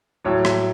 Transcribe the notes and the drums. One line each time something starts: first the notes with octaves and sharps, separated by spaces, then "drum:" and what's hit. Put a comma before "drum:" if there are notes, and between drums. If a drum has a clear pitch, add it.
A2 F#3 C#5
drum: rim click